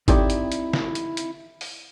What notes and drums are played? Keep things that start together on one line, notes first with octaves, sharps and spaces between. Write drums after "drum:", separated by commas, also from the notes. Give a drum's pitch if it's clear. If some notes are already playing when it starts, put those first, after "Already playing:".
C4 D#4 E4 G4 A4 D5, drum: kick G#1, hi-hat
drum: hi-hat
drum: hi-hat
drum: snare
drum: hi-hat
drum: hi-hat
drum: open hi-hat